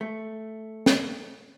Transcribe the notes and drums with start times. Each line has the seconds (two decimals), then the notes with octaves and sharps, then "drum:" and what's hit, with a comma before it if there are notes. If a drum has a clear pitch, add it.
0.01 A3
0.86 drum: snare